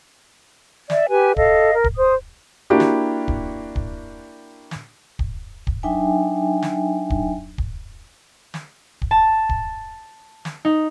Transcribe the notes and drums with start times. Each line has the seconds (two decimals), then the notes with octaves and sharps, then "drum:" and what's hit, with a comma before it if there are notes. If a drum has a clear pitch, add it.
0.90 D5 E5, drum: snare
1.10 G4 B4 G#5
1.36 A4 D#5 F5, drum: kick
1.74 A#4
1.84 drum: kick
1.96 C5 D#6
2.70 A#3 D4 E4 F#4 G4
2.80 drum: snare
3.28 drum: kick
3.76 drum: kick
4.71 drum: snare
5.19 drum: kick
5.67 drum: kick
5.83 F#3 D4 D#4 E5 G5 G#5
6.62 drum: snare
7.10 drum: kick
7.58 drum: kick
8.54 drum: snare
9.02 drum: kick
9.11 A5
9.49 drum: kick
10.45 drum: snare
10.65 D#4